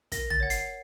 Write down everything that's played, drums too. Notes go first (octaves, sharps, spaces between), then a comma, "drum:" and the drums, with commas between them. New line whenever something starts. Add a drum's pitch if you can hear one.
A#4 A#6, drum: kick, hi-hat
A6, drum: tom
C#5 F#5
C7, drum: hi-hat